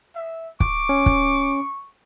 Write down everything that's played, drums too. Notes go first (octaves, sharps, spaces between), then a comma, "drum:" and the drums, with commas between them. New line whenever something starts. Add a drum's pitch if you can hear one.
E5
C#6 D6, drum: kick
C#4
drum: kick